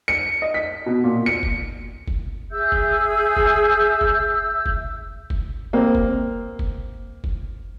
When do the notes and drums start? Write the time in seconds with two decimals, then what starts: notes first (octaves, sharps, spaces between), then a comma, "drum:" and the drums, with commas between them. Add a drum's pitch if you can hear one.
0.08 C#7
0.42 D#5
0.54 B6
0.86 B2
1.04 A#2
1.26 C#7
1.43 drum: kick
2.08 drum: kick
2.51 G#4 E5 E6 G6
2.72 drum: kick
3.37 drum: kick
4.01 drum: kick
4.66 drum: kick
5.30 drum: kick
5.73 A#3 C4 A#4
5.95 drum: kick
6.59 drum: kick
7.24 drum: kick